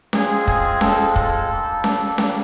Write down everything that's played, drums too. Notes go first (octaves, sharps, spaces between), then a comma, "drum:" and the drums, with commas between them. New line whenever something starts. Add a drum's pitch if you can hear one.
G#3 C4 F4 G#4, drum: snare C#4
G#4, drum: kick
A4, drum: snare C#4
A4, drum: kick
G3 A#3 D4
drum: snare C#4
drum: snare C#4